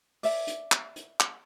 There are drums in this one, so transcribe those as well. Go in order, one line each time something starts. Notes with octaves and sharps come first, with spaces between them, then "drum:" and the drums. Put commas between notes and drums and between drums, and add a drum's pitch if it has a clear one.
D5 E5, drum: open hi-hat
drum: hi-hat
drum: clap
drum: hi-hat
drum: clap